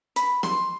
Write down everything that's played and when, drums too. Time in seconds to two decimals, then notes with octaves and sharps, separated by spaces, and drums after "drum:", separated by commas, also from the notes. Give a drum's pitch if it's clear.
0.16 B5, drum: hi-hat
0.43 C6, drum: snare